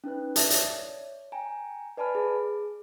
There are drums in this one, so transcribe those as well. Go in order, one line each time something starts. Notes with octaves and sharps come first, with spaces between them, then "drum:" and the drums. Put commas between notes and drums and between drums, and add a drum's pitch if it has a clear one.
C#4 D#4 B4 F#6
D5 E5 A5, drum: hi-hat
C#5 D5, drum: hi-hat
G5 G#5 A#5
B4 D5 G#5 A5 B5 F6
G#4